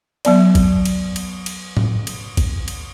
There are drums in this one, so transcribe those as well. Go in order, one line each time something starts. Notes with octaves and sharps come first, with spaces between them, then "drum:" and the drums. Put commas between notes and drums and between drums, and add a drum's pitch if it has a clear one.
F#3 B3 D5, drum: cymbal
drum: kick A1, cymbal
drum: cymbal
drum: cymbal
drum: cymbal
drum: tom A2
drum: cymbal
drum: kick A1, cymbal
drum: cymbal